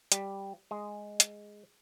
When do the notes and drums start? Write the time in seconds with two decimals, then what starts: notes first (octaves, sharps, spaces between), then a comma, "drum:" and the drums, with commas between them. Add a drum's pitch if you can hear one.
0.12 G3, drum: hi-hat
0.71 G#3
1.20 drum: hi-hat